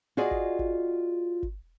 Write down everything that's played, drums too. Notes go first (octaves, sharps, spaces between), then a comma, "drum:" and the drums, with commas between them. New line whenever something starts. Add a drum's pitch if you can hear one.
F4 F#4 G#4 D5 D#5
drum: kick G1
drum: kick G1
drum: kick G1